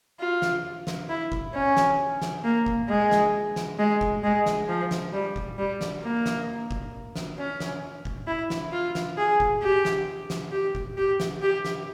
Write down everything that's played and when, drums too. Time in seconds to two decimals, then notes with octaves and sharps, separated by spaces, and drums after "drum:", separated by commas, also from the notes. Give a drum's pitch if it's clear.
0.20 F4
0.42 drum: snare
0.87 drum: snare
1.09 E4
1.32 drum: kick F#1
1.54 C#4
1.77 drum: snare
2.22 drum: snare
2.44 A#3
2.66 drum: kick F#1
2.89 G#3
3.11 drum: snare
3.56 drum: snare
3.79 G#3
4.01 drum: kick F#1
4.23 G#3
4.46 drum: snare
4.69 F3
4.91 drum: snare
5.13 G3
5.36 drum: kick F#1
5.58 G3
5.81 drum: snare
6.03 A#3
6.26 drum: snare
6.71 drum: kick F#1
7.16 drum: snare
7.38 C#4
7.60 drum: snare
8.05 drum: kick F#1
8.27 E4
8.50 drum: snare
8.72 F4
8.95 drum: snare
9.17 G#4
9.40 drum: kick F#1
9.63 G4
9.85 drum: snare
10.30 drum: snare
10.52 G4
10.75 drum: kick F#1
10.97 G4
11.20 drum: snare
11.42 G4
11.65 drum: snare